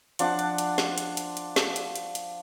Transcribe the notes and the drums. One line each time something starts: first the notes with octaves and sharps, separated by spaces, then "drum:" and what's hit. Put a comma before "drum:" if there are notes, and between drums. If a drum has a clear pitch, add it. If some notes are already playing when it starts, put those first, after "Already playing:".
F3 D4 F#5 D6, drum: hi-hat
drum: hi-hat
drum: hi-hat
drum: snare
drum: hi-hat
drum: hi-hat
drum: hi-hat
drum: snare
drum: hi-hat
drum: hi-hat
drum: hi-hat